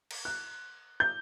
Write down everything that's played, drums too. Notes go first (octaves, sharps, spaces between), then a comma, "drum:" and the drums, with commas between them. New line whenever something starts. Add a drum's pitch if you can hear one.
drum: cymbal
F#6
G6